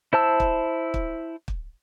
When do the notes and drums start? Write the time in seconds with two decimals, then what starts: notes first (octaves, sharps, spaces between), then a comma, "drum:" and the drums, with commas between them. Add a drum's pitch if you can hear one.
0.13 E4 C5 A5 E6
0.40 drum: kick
0.94 drum: kick
1.48 drum: kick